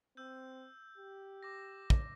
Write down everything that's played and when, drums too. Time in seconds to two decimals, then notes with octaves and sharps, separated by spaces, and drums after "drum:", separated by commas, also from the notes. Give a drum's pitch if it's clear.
0.17 C4 E6 G6
0.98 G4
1.43 D6 A#6
1.90 drum: kick